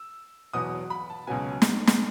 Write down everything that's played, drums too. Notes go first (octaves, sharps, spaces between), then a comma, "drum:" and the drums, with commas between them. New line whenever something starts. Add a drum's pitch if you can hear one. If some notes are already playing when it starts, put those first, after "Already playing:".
Already playing: E6
E2 B2 F#3 B3 D#6
B5
A5
C#2 B2 F#3 B3 G#5
drum: snare
drum: snare